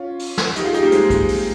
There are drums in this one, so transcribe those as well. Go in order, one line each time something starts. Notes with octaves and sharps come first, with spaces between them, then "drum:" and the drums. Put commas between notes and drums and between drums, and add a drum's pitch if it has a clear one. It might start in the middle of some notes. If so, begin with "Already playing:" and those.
Already playing: C#4 F4
drum: open hi-hat
drum: snare
D#4 G4, drum: hi-hat
F4 G#4
D#4 G4, drum: hi-hat
G3 A#3
G#3 C4, drum: hi-hat
drum: kick, hi-hat
drum: open hi-hat